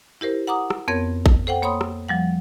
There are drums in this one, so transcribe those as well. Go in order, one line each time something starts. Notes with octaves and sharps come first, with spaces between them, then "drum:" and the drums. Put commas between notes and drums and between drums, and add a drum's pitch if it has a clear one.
E4 G4 A#4 C5
F#5 A#5 D6 D#6
drum: rim click
F2 B3 C4 A#4 C#5 G#6
drum: kick A1
A4 C5 F#5 G5
A#3 C#5 B5 C6 D#6
drum: rim click
F3 G3 F#5